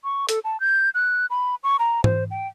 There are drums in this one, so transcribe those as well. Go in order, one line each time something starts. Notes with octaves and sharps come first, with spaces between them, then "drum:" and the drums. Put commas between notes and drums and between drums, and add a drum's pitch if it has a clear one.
C#6
A4, drum: hi-hat
A5
G6
F#6
B5
C#6
A#5
C5, drum: tom G#2
G5